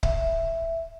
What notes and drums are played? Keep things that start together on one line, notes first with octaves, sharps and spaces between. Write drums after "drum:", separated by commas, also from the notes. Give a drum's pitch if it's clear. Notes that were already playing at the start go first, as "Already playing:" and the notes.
E5, drum: kick C#1